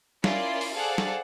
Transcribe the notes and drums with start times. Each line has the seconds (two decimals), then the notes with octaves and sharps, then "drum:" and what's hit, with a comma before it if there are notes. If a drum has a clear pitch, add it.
0.24 C#4 E4 F4 A#4 D5 C6, drum: snare
0.61 drum: open hi-hat
0.74 G#4 A4 C5 D5 F5 F#5
0.98 drum: snare